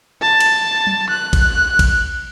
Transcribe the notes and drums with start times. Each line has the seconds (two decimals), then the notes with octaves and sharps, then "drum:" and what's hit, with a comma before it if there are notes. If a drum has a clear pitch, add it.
0.22 A5
0.40 drum: cymbal
0.87 drum: tom F#3
1.10 F#6
1.33 drum: kick A#1, cymbal
1.79 drum: kick A#1, cymbal